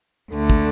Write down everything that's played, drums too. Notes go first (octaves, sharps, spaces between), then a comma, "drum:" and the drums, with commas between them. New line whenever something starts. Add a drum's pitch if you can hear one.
D2 D3 A3, drum: tambourine
drum: kick, tambourine